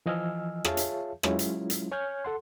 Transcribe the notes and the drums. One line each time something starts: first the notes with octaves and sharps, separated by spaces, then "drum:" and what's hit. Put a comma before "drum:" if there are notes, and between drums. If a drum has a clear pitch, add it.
E3 F3 D#5 G#5 E6 F6
F4 G#4 C#5 E5 F5 A5, drum: rim click
drum: hi-hat
F#3 G#3 C#4 E4 F4, drum: rim click
drum: hi-hat
drum: hi-hat
C#5 G#5 F6 G6 G#6
A4 F#5 C6